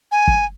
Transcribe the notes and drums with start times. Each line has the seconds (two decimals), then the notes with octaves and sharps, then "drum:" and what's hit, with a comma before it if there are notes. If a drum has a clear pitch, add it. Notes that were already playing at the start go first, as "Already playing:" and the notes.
0.12 G#5
0.28 drum: kick